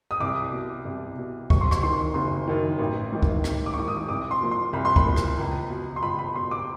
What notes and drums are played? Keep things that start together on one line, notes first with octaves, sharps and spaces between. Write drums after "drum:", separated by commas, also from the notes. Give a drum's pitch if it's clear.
D#6
C2 D6
B2
C2
B2
F#1 C#6, drum: kick C#2
C6
C#6, drum: rim click
F#2 D#3 C6
F#1 C6
F#2 D#3
A1
G#2 D#3
drum: kick C#2
A1, drum: rim click
D6
C#6
G#2 D#3 D6
D#6
C2 D6
C6
A#2 F3
C6
C2 B5
C6
B5, drum: kick C#2
A#2 F3
drum: rim click
C#2
B2
C6
C#2 B5
B5
B2 C6
D6